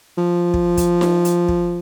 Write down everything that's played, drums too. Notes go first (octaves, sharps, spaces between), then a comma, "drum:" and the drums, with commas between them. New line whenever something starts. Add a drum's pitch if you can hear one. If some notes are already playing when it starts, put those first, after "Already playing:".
F3
drum: kick
drum: kick, hi-hat
drum: snare D#4
drum: hi-hat
drum: kick